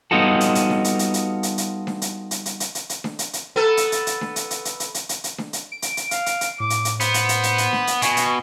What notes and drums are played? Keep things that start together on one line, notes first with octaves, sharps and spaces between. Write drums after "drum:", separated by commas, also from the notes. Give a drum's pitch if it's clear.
G3 B3 D#4 F4 F#4 A4
drum: hi-hat
drum: hi-hat
drum: snare D4
drum: hi-hat
drum: hi-hat
drum: hi-hat
drum: hi-hat
drum: hi-hat
drum: snare D4
drum: hi-hat
drum: hi-hat
drum: hi-hat
drum: hi-hat
drum: hi-hat
drum: hi-hat
drum: snare D4
drum: hi-hat
drum: hi-hat
B3 A4
drum: hi-hat
drum: hi-hat
drum: hi-hat
drum: snare D4
drum: hi-hat
drum: hi-hat
drum: hi-hat
drum: hi-hat
drum: hi-hat
drum: hi-hat
drum: hi-hat
drum: snare D4
drum: hi-hat
D7
drum: hi-hat
drum: hi-hat
F5, drum: hi-hat
drum: hi-hat
drum: hi-hat
A2 D6
drum: hi-hat
drum: hi-hat
B3 C5, drum: hi-hat
drum: hi-hat
drum: hi-hat
drum: hi-hat
drum: hi-hat
drum: snare D4
drum: hi-hat
B2 G#5 C#6, drum: hi-hat
drum: hi-hat